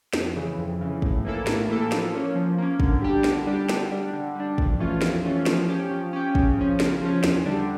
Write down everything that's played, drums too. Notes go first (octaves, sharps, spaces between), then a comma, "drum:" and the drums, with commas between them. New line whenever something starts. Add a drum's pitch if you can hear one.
F2, drum: snare
C#3 E3
F2
C#3 E3
A2, drum: kick
E3 A#3 E4 A4
A2, drum: snare
E3 A#3 E4 A4
F3, drum: snare
A#3 C#4
F3
A#3 C#4
D3, drum: kick
G3 D4 G4
D3, drum: snare
G3 D4 G4
D3, drum: snare
G3 D4
D3
G3 D4
F2, drum: kick
E3 A3 C#4 F4
F2, drum: snare
E3 A3 C#4 F4
F3, drum: snare
C#4 G4
F3
C#4 G4
C#3, drum: kick
F3 C#4
C#3, drum: snare
F3 C#4
E2, drum: snare
D3 G3 D4